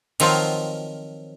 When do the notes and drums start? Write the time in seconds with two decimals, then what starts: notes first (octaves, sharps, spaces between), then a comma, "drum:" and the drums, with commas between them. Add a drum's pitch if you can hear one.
0.20 D#3 F3 F#3 C4 F4, drum: cymbal